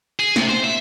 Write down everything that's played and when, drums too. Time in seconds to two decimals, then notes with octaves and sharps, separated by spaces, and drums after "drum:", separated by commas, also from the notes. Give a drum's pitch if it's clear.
0.20 G#4
0.36 C3, drum: snare
0.49 C5
0.64 E5